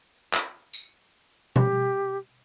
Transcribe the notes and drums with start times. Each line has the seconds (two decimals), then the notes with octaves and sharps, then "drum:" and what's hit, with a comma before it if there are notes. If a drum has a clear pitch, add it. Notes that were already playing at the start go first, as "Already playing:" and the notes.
0.33 drum: clap
0.74 drum: tambourine
1.56 G4, drum: tom B2